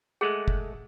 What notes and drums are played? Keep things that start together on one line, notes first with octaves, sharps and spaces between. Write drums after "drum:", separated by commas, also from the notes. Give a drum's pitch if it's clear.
G#3 A3 G#4 F#5
drum: kick